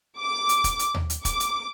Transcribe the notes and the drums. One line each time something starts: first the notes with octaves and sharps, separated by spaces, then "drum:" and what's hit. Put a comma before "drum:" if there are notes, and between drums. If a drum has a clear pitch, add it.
D6
drum: hi-hat
drum: kick, hi-hat
drum: hi-hat
drum: tom D#2
drum: hi-hat
D6, drum: kick, hi-hat
drum: hi-hat